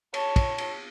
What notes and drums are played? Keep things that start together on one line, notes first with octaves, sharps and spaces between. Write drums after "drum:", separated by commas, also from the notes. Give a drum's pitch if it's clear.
C#5 A5, drum: cymbal
drum: kick, cymbal
drum: cymbal